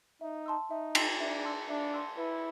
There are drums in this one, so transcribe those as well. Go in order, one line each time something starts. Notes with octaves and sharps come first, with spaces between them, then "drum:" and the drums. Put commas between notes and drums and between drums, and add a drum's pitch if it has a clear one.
D#4 E5
A5 C6 E6
D#4 E5
A5 C6 E6, drum: cymbal
D4 E5
A5 C6 E6
D4 E5
A5 C6 E6
E4 B4